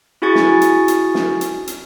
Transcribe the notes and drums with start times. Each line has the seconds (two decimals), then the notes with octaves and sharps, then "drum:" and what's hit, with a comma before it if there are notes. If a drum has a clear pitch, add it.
0.22 E4 F#4 G#4 G#5 C#6 A6
0.35 drum: snare
0.62 drum: hi-hat
0.88 drum: hi-hat
1.14 drum: snare
1.41 drum: hi-hat
1.67 drum: hi-hat